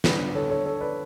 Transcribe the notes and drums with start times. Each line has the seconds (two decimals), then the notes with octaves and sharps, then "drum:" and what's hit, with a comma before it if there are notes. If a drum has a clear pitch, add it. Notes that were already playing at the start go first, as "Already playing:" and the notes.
0.04 D3 G3 B3 B4, drum: snare
0.35 A4 C#5
0.50 A4 C#5
0.66 A4 C#5
0.81 B4 D5